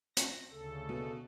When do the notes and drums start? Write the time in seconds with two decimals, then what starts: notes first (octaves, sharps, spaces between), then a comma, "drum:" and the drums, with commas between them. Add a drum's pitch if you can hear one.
0.17 A#6, drum: hi-hat
0.50 D2 C#3 A4
0.89 B2